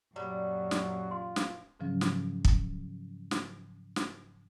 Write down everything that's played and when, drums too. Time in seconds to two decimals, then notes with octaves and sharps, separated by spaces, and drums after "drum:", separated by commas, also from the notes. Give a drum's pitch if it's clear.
0.16 F#2 A#2 F#3 G3
0.71 drum: snare
1.11 F4 C6
1.36 drum: snare
1.80 G#2 C#3 F3 F#3 C#4
2.01 drum: snare
2.45 drum: kick
3.31 drum: snare
3.96 drum: snare